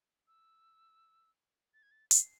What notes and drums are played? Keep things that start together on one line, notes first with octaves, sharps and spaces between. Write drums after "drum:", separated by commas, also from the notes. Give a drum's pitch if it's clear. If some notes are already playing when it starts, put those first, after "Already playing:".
E6
A6
G#6
A6
C7, drum: hi-hat